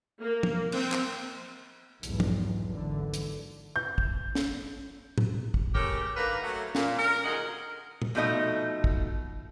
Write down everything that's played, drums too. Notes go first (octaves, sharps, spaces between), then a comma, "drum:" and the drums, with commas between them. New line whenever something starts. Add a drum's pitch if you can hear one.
A#3
drum: tom
C4, drum: cymbal
drum: clap
B1 E2 G#2, drum: hi-hat
drum: tom
G#1 D3 E3
drum: hi-hat
G6
drum: kick
drum: snare
drum: tom A2
drum: kick
C#3 A3 C#4 G4 A4 A#4, drum: kick
D3 D#3 A#3 A#4 B4
F#3 A3 B3
A#2, drum: snare
A#4
D2 D#3 G#4 A#4 D#5 F#5
drum: tom
B2 F3 A3 D#4 D#5
drum: kick